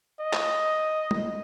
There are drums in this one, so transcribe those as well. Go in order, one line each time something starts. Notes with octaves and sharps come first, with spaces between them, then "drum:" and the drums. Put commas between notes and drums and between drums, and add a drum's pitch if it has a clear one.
D#5
drum: clap
drum: tom